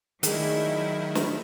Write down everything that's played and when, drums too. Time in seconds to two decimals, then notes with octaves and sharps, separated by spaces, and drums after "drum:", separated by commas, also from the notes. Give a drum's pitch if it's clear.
0.23 D#3 F#3 G#3 A3 D4 E4, drum: hi-hat
1.15 drum: snare